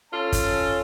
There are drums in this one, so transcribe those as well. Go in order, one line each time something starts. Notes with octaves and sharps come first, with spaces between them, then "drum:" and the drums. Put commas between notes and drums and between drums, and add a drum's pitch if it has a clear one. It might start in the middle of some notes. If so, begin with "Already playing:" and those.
C#4 F4 A4 A5
drum: kick, hi-hat